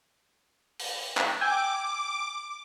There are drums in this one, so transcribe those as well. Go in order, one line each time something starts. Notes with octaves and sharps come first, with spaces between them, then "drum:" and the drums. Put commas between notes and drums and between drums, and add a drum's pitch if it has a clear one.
drum: open hi-hat
drum: clap
G5 G#5 D6 E6